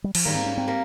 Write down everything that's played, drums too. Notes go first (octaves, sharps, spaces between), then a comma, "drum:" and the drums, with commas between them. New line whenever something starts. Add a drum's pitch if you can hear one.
G3
F3, drum: cymbal
G#2 D#3 G3 A#3
C4
C#4
C4
G3 A#3